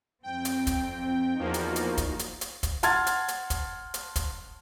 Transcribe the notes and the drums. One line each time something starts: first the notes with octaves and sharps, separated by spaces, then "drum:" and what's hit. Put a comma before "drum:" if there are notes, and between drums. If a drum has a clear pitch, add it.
F2 C4 G5
drum: hi-hat
drum: kick, hi-hat
E2 F3 A#3 D#4 F#4
drum: hi-hat
drum: hi-hat
drum: kick, hi-hat
drum: hi-hat
drum: hi-hat
drum: kick, hi-hat
F#5 A5 C6 F6 G#6 A6, drum: hi-hat
drum: hi-hat
drum: hi-hat
drum: kick, hi-hat
drum: hi-hat
drum: kick, hi-hat